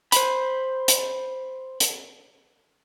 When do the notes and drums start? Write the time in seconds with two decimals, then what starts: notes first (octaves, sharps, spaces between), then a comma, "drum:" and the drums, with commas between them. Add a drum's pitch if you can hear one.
0.12 C5 B5, drum: hi-hat
0.88 drum: hi-hat
1.80 drum: hi-hat